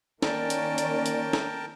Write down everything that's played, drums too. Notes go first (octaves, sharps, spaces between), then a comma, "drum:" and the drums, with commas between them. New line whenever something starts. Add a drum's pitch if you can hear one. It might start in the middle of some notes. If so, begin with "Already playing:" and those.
D#3 A#3 C#4 A#4 D5 G5 A5, drum: snare
drum: hi-hat
drum: hi-hat
drum: hi-hat
drum: snare